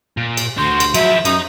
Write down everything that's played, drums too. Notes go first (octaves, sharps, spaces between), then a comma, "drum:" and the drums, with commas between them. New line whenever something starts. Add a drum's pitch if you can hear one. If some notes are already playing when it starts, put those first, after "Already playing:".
A#2
drum: cymbal
D2 F#4 C5 C6
drum: cymbal
F3 F#3 E4 E5, drum: cymbal
F#2 D#4 A#5 D#6, drum: cymbal